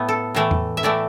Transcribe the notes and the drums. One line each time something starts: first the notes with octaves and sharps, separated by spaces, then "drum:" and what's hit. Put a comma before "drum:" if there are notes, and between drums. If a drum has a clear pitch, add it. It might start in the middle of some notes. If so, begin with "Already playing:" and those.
Already playing: A2 A3 B3
A4
A2 E3 A3
drum: tom E2
E5
A2 E3 A3 D5